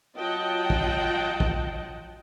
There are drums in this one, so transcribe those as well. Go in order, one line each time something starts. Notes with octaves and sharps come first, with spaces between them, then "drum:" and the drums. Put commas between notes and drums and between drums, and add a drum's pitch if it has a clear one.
F#3 F4 D#5 F#5 G5 A5
drum: kick
drum: kick